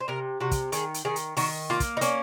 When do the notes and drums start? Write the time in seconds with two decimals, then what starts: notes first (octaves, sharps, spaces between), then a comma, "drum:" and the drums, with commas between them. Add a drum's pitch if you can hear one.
0.01 C5
0.08 C3 A#4
0.40 C3 F#4
0.51 drum: kick, hi-hat
0.72 D#3 G#4, drum: hi-hat
0.94 drum: hi-hat
1.05 D#3 G#4
1.16 drum: hi-hat
1.37 D#3 F#4, drum: open hi-hat
1.70 A#3 F4
1.80 drum: kick, hi-hat
1.97 D#4
2.01 A#3 C#4, drum: hi-hat